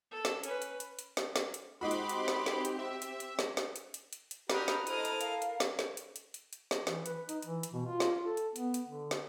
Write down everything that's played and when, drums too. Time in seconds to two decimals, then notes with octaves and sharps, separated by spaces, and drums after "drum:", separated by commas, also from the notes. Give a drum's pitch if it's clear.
0.11 A4
0.25 drum: snare
0.44 C#4 B4, drum: hi-hat
0.62 drum: hi-hat
0.80 drum: hi-hat
0.99 drum: hi-hat
1.17 drum: snare
1.36 drum: snare
1.54 drum: hi-hat
1.81 G#3 C4 D#4 F#4 G4 B5 C6 D6
1.91 drum: hi-hat
2.09 drum: hi-hat
2.28 drum: snare
2.46 drum: snare
2.65 drum: hi-hat
2.79 E5
3.02 drum: hi-hat
3.20 drum: hi-hat
3.39 drum: snare
3.57 drum: snare
3.76 drum: hi-hat
3.94 drum: hi-hat
4.13 drum: hi-hat
4.31 drum: hi-hat
4.50 D4 F#4 G4 B4 A#5 B5 D#6 F6, drum: snare
4.68 drum: snare
4.87 E4 A4 C5 D#5 A#5 D#6 F6, drum: hi-hat
5.05 drum: hi-hat
5.21 A#4 F5, drum: hi-hat
5.42 drum: hi-hat
5.60 drum: snare
5.79 drum: snare
5.97 drum: hi-hat
6.16 drum: hi-hat
6.34 drum: hi-hat
6.53 drum: hi-hat
6.71 drum: snare
6.87 E3, drum: snare
7.06 B4, drum: hi-hat
7.29 D#4, drum: hi-hat
7.42 E3, drum: hi-hat
7.63 drum: hi-hat
7.73 B2
7.86 F4
8.00 drum: snare
8.11 F4
8.25 A4
8.37 drum: hi-hat
8.56 B3, drum: hi-hat
8.74 drum: hi-hat
8.88 D3
9.11 drum: snare